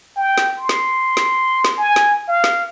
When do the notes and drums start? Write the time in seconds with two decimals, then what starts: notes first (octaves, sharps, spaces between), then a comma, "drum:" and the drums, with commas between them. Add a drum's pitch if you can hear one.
0.16 G5
0.38 drum: snare
0.58 C6
0.69 drum: snare
1.17 drum: snare
1.65 drum: snare
1.78 G#5
1.96 drum: snare
2.28 F5
2.44 drum: snare